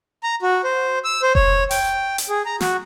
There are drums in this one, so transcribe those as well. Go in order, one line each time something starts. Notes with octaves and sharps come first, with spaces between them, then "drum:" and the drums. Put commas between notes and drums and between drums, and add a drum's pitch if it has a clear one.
A#5
F#4
C5
E6
C5
C#5, drum: kick F1
G5, drum: open hi-hat
drum: hi-hat
G#4
A#5
F#4, drum: snare